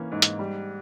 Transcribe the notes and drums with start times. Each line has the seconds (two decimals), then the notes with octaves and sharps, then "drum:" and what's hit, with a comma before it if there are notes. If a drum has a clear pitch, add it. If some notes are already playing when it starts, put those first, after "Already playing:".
Already playing: E3 A#3 C#4
0.12 G#2
0.22 drum: hi-hat
0.39 G3